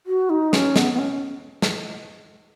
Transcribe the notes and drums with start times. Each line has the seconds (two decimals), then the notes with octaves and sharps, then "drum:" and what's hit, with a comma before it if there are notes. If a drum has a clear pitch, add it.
0.06 F#4
0.30 D#4
0.53 C#4, drum: snare
0.76 B3, drum: snare
0.94 B3
0.99 C#4
1.62 drum: snare